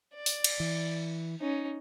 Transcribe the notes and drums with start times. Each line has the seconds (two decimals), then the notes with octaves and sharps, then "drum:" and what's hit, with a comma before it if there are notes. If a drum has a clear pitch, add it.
0.14 D5
0.26 drum: open hi-hat
0.44 drum: cymbal
0.60 E3
1.40 C#4 D#4